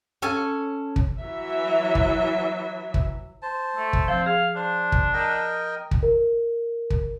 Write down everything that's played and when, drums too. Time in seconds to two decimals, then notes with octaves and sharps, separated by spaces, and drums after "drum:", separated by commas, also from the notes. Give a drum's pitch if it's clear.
0.22 C#4 A4 G#5
0.96 drum: kick
1.20 E3 F#3 E5
1.95 drum: kick
2.94 drum: kick
3.42 C5 A5
3.76 A3
3.93 drum: kick
4.08 F3 C4
4.26 G#4 F5
4.56 D4 C5
4.92 drum: kick
5.13 A#4 D#5 G5
5.91 drum: kick
6.03 A#4
6.90 drum: kick